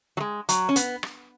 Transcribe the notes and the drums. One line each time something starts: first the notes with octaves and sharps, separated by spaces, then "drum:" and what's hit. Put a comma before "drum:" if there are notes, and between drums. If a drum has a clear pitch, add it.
F#3
G#3
F#3, drum: hi-hat
C#4
B3, drum: hi-hat
drum: rim click